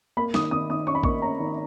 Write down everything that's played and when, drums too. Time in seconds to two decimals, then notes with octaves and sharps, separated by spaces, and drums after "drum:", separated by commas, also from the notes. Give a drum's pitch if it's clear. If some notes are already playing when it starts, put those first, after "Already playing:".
0.17 A#3 B5
0.34 D#3 D#6, drum: snare
0.51 D#3 D#6
0.70 D#3 D#6
0.87 C#4 C#6
0.95 B5
1.03 A#3 C#6, drum: kick A1
1.22 C#4 A#5
1.40 D#3